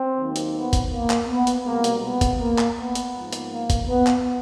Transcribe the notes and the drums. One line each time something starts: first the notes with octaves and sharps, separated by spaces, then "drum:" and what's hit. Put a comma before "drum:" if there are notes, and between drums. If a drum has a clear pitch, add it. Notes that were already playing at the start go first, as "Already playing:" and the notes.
Already playing: C4
D#2 D#3 F#3 A#3
drum: hi-hat
B3
drum: kick, hi-hat
A#3
drum: clap
B3
drum: hi-hat
C2 B2 G#3 A#3
drum: hi-hat
B3
drum: kick, hi-hat
A#3
drum: clap
B3
drum: hi-hat
G#2 F3 A#3
drum: hi-hat
A#3
drum: kick, hi-hat
B3
drum: clap